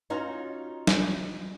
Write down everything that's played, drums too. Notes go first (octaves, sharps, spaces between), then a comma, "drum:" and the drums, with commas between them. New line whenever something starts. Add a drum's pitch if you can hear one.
C#4 D#4 F4 F#4
drum: snare